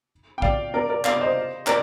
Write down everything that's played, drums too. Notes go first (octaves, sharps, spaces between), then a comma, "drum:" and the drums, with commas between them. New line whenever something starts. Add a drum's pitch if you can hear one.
G5
D5 F5, drum: kick
A#4 D5
A#4 D5
D5 F5, drum: clap
C5 D#5
A#4 D5, drum: clap